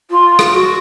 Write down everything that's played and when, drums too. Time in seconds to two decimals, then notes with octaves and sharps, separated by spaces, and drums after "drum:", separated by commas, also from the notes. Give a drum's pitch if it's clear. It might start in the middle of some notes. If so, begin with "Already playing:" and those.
0.10 F4
0.39 drum: rim click
0.52 F#4